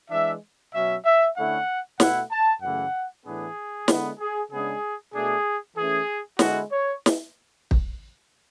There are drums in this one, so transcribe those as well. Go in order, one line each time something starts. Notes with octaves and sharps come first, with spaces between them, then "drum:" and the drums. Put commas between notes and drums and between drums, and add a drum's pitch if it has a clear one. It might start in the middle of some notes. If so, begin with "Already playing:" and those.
E3 G#3 D4 E5
B2 F#3 C#4 E5
E5
D3 A3 C#4 E4 F#5
B2 A3 E4 F#5, drum: snare
A5
F#2 C#3 E3 A3 F#5
A2 E3 B3 D4 G#4
D3 G#3 B3 E4, drum: snare
G#4
C#3 G#3 B3 D4 G#4
B2 A3 D4 G#4
E3 A3 C#4 G#4
D3 G#3 B3 E4 F#4, drum: snare
C#5
drum: snare
drum: kick